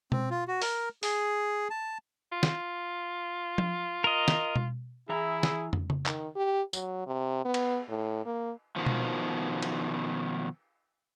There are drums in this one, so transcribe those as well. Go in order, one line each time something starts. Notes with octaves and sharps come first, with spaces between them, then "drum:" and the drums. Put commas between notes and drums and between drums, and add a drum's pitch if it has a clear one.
C4, drum: tom B2
F4
F#4
A#4, drum: open hi-hat
G#4, drum: open hi-hat
A5
F4
drum: snare
drum: tom F3
A#4 D#5
drum: snare
drum: tom B2
E3 E4 G#4 E5 A#5
drum: snare
drum: tom
drum: tom C#3
D#3, drum: clap
G4
F#3, drum: tambourine
C3
B3
drum: cymbal
A2
A#3
B2 D#3 F3
drum: tom B2
drum: cymbal